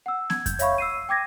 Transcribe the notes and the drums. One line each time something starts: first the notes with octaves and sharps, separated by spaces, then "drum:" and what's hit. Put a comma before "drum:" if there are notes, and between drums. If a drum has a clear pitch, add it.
F#5 E6
G#6, drum: snare B3
G6, drum: kick F2, hi-hat
C#5 E5 F5 B5 C#6, drum: hi-hat
E6 C7 D#7
G5 D6 G#6 A#6